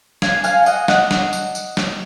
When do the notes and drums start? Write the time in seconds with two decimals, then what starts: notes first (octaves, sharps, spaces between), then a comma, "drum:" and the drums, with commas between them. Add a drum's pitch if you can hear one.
0.22 D4 F5 G#5, drum: snare
0.44 F#4 F5 G#5, drum: tambourine
0.66 F#4 D#5 F#5, drum: tambourine
0.88 F#4 D#5 F#5, drum: snare
1.11 D4, drum: snare
1.33 drum: tambourine
1.55 drum: tambourine
1.77 drum: snare